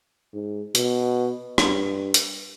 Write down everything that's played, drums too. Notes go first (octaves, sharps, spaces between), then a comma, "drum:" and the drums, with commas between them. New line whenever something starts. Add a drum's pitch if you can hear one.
G#2
B2, drum: hi-hat
G2, drum: rim click
drum: hi-hat